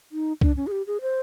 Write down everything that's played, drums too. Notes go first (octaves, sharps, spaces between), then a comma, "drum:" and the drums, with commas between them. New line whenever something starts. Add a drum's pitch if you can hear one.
D#4
D4, drum: kick C2
C#4
G#4
G4
G#4
C5